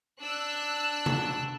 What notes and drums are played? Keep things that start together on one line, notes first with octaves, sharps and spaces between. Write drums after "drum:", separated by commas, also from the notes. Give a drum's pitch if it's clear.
D4 E6 F#6
drum: tom C3